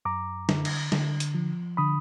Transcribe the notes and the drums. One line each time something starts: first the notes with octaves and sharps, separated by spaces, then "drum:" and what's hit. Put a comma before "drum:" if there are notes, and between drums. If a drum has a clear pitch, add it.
F#2 A#5 D6
D3, drum: snare
drum: cymbal
D3, drum: snare
drum: hi-hat
F3
D3 B5 D#6